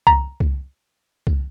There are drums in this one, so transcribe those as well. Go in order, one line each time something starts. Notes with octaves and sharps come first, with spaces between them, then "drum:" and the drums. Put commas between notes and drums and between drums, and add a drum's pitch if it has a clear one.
A#5, drum: kick C2
drum: kick C2
drum: kick C2